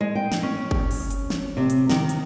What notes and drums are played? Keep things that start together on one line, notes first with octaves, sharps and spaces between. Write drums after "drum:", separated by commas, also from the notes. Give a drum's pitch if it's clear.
G#3
G5
drum: snare
C#4
drum: kick G1
drum: open hi-hat
drum: hi-hat
drum: snare
C3
drum: hi-hat
D#3, drum: snare
drum: hi-hat